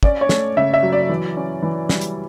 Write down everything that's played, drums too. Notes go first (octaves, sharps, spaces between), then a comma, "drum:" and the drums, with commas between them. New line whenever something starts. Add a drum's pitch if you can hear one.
C#4 D5, drum: kick
C#5
A3, drum: snare
C#3 E5
E5
F#3
D5
E3
C#4
E3
G3, drum: snare
drum: hi-hat